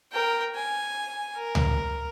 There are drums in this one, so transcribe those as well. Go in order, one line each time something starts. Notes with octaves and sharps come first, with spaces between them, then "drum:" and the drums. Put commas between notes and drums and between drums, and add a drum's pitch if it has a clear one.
A#4 G5
G#5
A#4
drum: tom C#2